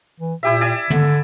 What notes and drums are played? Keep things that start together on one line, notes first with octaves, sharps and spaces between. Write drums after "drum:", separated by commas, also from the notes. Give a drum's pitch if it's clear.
E3
A#2 E4 G4 E5
D5 E5 G#5
D3, drum: tom